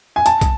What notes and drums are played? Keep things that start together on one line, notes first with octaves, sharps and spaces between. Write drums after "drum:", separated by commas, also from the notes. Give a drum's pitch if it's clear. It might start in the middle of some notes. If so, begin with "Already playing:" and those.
G#5
A5, drum: hi-hat
drum: kick, hi-hat